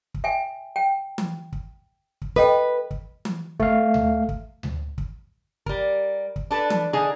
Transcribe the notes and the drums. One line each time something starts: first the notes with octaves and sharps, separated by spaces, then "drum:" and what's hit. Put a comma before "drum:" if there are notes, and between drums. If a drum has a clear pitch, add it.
drum: kick
E5 G5 G#5
G5
drum: tom E3
drum: kick
drum: kick
A4 B4 D#5 G5
drum: kick
drum: tom E3
A3 F5, drum: kick
drum: tom D2
drum: kick
drum: tom D2
drum: kick
G3 A#4, drum: kick
drum: kick
D4 A4 B4
drum: tom E3
D3 D#4 G#4